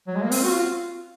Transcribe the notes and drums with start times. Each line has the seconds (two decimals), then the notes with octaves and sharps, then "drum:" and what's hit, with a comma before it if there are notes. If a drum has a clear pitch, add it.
0.07 F#3
0.16 G#3
0.24 A#3
0.31 C4, drum: open hi-hat
0.44 F#4
0.51 F4